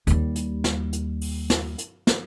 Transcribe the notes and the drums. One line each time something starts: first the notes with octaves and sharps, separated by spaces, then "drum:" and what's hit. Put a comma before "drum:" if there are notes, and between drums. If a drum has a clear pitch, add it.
D#2 G3, drum: hi-hat
drum: hi-hat
drum: snare
drum: hi-hat
drum: open hi-hat
drum: snare
drum: hi-hat
drum: snare